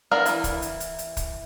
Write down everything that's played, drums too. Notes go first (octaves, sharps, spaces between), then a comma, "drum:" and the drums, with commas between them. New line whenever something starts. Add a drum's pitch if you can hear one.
B3 D4 A#4 F5
E3 E4, drum: hi-hat
drum: kick, hi-hat
drum: hi-hat
drum: hi-hat
drum: hi-hat
drum: kick, hi-hat